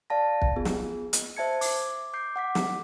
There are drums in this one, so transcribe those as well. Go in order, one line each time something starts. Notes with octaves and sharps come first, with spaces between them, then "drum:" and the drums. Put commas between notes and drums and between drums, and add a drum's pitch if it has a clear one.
D5 F5 A5 A#6
drum: kick
B3 F4 G#4
drum: snare
drum: hi-hat
C5 E5 A5 G#6 C#7
D6, drum: open hi-hat
D6 G6 C7
F#5 D6 B6
drum: snare